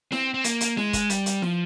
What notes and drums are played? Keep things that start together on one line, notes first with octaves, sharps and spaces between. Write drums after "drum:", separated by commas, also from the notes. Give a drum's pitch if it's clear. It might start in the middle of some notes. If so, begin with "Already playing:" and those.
C4, drum: snare E4
C4
A#3, drum: hi-hat
drum: hi-hat
G#3, drum: snare E4
drum: kick, hi-hat
G3, drum: hi-hat
drum: hi-hat
F3, drum: snare E4